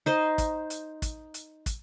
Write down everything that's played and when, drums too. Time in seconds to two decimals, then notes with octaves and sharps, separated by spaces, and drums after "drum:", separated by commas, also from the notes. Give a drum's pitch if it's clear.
0.06 D#4 C5 D#5
0.38 drum: kick, hi-hat
0.70 drum: hi-hat
1.02 drum: kick, hi-hat
1.34 drum: hi-hat
1.66 drum: kick, hi-hat